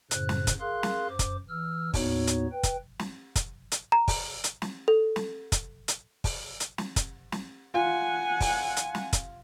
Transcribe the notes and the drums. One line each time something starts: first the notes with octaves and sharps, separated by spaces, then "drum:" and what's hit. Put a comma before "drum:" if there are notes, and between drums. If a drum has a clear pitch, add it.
F#2 A2 C#3 C5 F#6, drum: hi-hat
drum: snare
drum: kick, hi-hat
G#4 A#4 F5 C6 F#6
drum: snare
F#2 C5 D6
drum: kick, hi-hat
E3 E6 F6
D#2 A2 B3 D#4 F#4 C#5, drum: kick, open hi-hat
drum: hi-hat
B4 G5
drum: kick, hi-hat
drum: snare
drum: kick, hi-hat
drum: hi-hat
A#5
drum: kick, open hi-hat
drum: hi-hat
drum: snare
A4
drum: snare
drum: kick, hi-hat
drum: hi-hat
drum: kick, open hi-hat
drum: hi-hat
drum: snare
drum: kick, hi-hat
drum: snare
F4 F#5 G#5
drum: kick, open hi-hat
drum: hi-hat
drum: snare
drum: kick, hi-hat